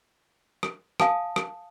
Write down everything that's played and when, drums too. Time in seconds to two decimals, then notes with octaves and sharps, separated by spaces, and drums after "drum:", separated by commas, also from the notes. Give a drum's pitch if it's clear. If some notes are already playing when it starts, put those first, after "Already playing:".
0.63 drum: rim click
1.00 F5 G#5 A5 D#6, drum: rim click
1.36 drum: rim click